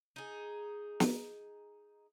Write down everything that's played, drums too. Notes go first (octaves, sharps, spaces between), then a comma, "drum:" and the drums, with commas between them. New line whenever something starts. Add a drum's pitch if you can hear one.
D#4 G#4
drum: snare